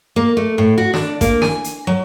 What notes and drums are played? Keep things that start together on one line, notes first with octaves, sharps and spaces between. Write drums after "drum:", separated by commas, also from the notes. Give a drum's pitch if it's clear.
A#3
A3
A2
F#4
D4, drum: snare
A#3, drum: kick A1, hi-hat
G#5, drum: snare
drum: hi-hat
F#3